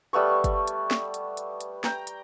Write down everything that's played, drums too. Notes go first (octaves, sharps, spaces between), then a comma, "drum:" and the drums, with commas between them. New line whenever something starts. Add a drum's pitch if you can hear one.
G3 A3 B3 C#6
drum: kick, hi-hat
drum: hi-hat
drum: snare
drum: hi-hat
drum: hi-hat
drum: hi-hat
G5 A#5, drum: snare
drum: hi-hat